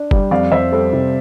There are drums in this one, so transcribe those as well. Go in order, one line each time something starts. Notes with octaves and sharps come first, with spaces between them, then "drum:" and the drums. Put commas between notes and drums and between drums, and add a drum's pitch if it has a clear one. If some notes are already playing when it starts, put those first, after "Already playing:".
Already playing: D4
G3, drum: kick
F2 D5 F5
F2 C5 E5
G3 A4 C5
C3